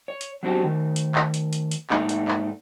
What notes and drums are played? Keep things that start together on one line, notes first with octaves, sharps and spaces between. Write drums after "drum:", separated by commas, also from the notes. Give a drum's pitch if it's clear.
C#5
drum: hi-hat
F#3 B3 C4 D4 F#4 G4
D#3 A3
drum: hi-hat
drum: clap
drum: hi-hat
drum: hi-hat
drum: hi-hat
G#2 A3 A#3 D#4 D5, drum: clap
drum: hi-hat
drum: clap